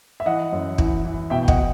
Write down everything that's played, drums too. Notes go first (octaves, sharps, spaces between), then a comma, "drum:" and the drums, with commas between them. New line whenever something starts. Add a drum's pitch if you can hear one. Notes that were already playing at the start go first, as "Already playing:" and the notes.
E5
E3 D#5 F#5
F#2
E3, drum: kick
E3
B2 E5 G5
G5
D#5 F#5, drum: kick
B2